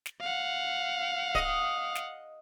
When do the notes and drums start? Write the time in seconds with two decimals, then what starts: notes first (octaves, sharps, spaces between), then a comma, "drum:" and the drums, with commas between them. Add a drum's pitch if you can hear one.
0.06 drum: snare
0.20 F5 F#5
1.35 D#5, drum: kick D1
1.95 drum: snare